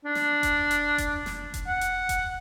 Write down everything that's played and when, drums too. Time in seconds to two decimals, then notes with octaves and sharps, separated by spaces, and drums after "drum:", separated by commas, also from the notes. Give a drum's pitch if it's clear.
0.05 D4
0.15 drum: snare
0.43 drum: kick F1, hi-hat
0.71 drum: hi-hat
0.98 drum: kick F1, hi-hat
1.26 drum: snare
1.54 drum: kick F1, hi-hat
1.67 F#5
1.81 drum: hi-hat
2.09 drum: kick F1, hi-hat